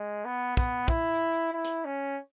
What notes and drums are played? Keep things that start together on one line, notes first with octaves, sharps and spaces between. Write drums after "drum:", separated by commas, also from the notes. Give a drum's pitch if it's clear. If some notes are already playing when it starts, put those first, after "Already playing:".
Already playing: G#3
B3
B3, drum: kick
E4, drum: kick
E4
drum: hi-hat
C#4